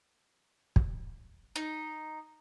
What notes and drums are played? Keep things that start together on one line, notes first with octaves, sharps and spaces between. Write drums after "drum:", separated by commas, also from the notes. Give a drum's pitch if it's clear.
drum: kick
D#4